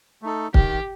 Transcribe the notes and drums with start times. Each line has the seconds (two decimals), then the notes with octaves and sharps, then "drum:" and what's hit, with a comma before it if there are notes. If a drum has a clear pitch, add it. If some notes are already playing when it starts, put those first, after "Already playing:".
0.22 A3 D#4 A4
0.54 D#3 G4, drum: kick